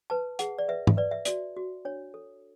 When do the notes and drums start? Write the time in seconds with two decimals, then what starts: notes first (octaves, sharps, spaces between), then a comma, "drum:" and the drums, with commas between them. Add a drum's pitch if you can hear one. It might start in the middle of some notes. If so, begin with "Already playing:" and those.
0.10 B4 A5
0.39 G#4 F#5, drum: hi-hat
0.59 D5
0.68 B4 E5
0.87 drum: tom
0.97 B4 D5
1.11 E5
1.25 F#4 D5, drum: hi-hat
1.57 F#4
1.85 D4 C#5
2.14 A4